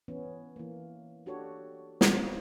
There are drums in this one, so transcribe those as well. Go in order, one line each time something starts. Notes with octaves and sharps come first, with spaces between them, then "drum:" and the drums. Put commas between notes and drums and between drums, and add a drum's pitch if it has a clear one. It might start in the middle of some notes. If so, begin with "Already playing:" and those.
E3 B3 C#4
E3 A#3
D4 F#4 G4 A4 C#5
A#3 C4 C5, drum: snare